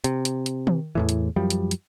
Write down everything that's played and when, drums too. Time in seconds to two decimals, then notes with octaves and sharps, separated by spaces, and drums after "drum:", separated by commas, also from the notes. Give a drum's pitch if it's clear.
0.04 C3, drum: hi-hat
0.25 drum: hi-hat
0.46 drum: hi-hat
0.67 drum: tom D#3
0.95 E2 A2 E3
1.09 drum: hi-hat
1.36 F#2 F3 G3
1.50 drum: hi-hat
1.71 drum: hi-hat